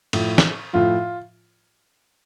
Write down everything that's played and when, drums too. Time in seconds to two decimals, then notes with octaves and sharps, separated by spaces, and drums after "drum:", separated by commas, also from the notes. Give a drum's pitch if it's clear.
0.13 A2 F3, drum: cymbal
0.38 drum: snare
0.73 A2 F3 F4